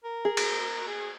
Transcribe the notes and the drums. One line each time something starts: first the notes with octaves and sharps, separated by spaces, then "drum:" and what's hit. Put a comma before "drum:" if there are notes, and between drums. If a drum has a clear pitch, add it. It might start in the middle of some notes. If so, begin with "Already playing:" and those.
A#4
G#4
drum: cymbal
G#4